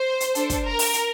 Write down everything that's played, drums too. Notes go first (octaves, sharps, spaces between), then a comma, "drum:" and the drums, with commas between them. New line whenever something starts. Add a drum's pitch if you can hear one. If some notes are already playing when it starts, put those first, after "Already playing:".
Already playing: C5
drum: hi-hat
D4 A4, drum: hi-hat
drum: kick, hi-hat
A#4
drum: open hi-hat
drum: hi-hat